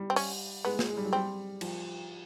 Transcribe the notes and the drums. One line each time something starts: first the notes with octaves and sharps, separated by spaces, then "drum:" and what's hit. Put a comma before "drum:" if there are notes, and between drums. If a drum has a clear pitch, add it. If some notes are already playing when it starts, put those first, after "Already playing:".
Already playing: G3
C4
C#4, drum: open hi-hat
G#3 B3
drum: snare
G#3
G3
F#3
G3 C4
F3, drum: cymbal